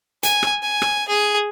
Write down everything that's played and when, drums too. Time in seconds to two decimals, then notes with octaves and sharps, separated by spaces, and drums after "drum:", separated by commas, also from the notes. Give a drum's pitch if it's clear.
0.23 G#5, drum: hi-hat
0.43 drum: rim click
0.63 G#5
0.82 drum: rim click
1.08 G#4